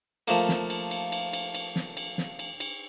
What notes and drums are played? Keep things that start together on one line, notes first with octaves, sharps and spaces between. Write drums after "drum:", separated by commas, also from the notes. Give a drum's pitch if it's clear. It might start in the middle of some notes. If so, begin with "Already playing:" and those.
F3 A3 A#3, drum: cymbal
drum: snare
drum: cymbal
drum: cymbal
drum: cymbal
drum: cymbal
drum: cymbal
drum: snare
drum: cymbal
drum: snare
drum: cymbal
drum: cymbal